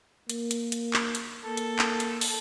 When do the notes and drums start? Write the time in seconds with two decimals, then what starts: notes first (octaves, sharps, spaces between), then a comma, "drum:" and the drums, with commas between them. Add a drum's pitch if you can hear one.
0.29 A#3, drum: hi-hat
0.51 drum: hi-hat
0.72 drum: hi-hat
0.93 drum: clap
1.15 drum: hi-hat
1.45 A#3 A4
1.57 drum: hi-hat
1.79 drum: clap
2.00 drum: hi-hat
2.21 drum: open hi-hat